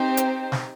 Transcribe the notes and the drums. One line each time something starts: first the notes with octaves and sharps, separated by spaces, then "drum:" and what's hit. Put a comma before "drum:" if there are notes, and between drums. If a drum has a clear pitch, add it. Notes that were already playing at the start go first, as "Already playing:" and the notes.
Already playing: C4 D#4 G4 C5
drum: hi-hat
drum: snare